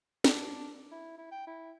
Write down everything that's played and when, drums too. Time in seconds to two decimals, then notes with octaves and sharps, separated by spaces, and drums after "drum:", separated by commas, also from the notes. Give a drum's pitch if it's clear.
0.24 D4, drum: snare
0.92 E4
1.18 E4
1.32 G5
1.47 E4